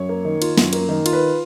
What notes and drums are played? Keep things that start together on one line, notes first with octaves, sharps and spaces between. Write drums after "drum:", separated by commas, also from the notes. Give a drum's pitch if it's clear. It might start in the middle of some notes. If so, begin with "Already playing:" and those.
Already playing: F#2 C#5
A#3
D#3
F4, drum: cymbal
F#2, drum: snare
A#3, drum: cymbal
D#3
F4, drum: cymbal
B4